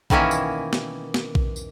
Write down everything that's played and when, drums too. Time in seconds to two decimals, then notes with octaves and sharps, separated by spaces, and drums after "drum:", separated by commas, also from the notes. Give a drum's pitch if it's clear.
0.10 B2 D#3 E3 A#3 C#4 E4, drum: kick A#1
0.31 drum: tambourine
0.73 drum: snare
1.14 drum: snare
1.35 drum: kick A#1
1.56 drum: tambourine